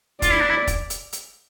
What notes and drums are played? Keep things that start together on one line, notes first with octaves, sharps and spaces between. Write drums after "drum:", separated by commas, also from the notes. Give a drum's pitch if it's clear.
F4 D5, drum: kick, hi-hat
E4
D4
E4
drum: kick, hi-hat
drum: hi-hat
drum: hi-hat